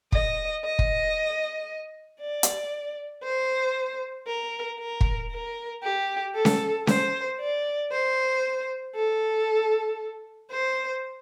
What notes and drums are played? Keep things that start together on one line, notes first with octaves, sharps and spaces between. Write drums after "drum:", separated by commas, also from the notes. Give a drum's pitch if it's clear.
D#5, drum: kick
D#5
drum: kick
D5
drum: hi-hat
C5
A#4
A#4
drum: kick
A#4
G4
A4
drum: snare C#4
C5, drum: snare C#4
D5
C5
A4
C5